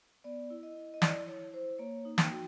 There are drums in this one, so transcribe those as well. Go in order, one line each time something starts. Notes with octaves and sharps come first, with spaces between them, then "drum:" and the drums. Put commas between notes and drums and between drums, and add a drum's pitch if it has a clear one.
B3 D5
E4
D#5
E4
D#5
E4 D5, drum: snare
E4 C#5
E4 C5
A#3 C#5
D#4
G5, drum: snare
F#4